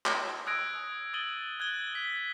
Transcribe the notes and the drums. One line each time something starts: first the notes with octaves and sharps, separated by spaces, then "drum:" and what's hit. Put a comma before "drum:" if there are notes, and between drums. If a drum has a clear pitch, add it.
drum: clap
D#6 E6 F#6 G#6 A#6 D7
D#6 A6 D#7 F#7 G7
F#6 G#6 G7
G#6 B6